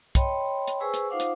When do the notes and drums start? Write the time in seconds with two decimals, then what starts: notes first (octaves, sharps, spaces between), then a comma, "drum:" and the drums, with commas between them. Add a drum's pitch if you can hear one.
0.15 C#5 D#5 G5 B5 C6, drum: kick, hi-hat
0.67 drum: hi-hat
0.80 G#4 B4 C5 G#5 C#6 E6
0.94 drum: hi-hat
1.10 D#4 F4 C5 F5 F#5 D6
1.20 drum: hi-hat